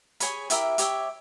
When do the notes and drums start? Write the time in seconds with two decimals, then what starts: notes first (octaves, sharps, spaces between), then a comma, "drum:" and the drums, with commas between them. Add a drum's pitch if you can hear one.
0.20 G#4 C#5 G#5 B5, drum: hi-hat
0.50 E4 G4 A#4 E5, drum: hi-hat
0.78 G4 C#5 E5, drum: hi-hat